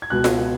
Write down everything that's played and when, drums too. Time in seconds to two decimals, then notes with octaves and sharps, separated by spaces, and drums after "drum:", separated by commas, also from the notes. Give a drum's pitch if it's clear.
0.02 G#6
0.10 C#2 B2 F#6
0.24 drum: snare F4